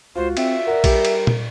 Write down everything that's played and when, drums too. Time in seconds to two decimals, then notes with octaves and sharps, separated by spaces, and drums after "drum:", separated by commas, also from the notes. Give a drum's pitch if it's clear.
0.16 C#2 F4 F#4 C5
0.37 C4 E5, drum: cymbal
0.67 A#4 D5 F#5
0.84 G3 G4, drum: kick A#1, cymbal
1.05 drum: cymbal
1.27 drum: tom A#2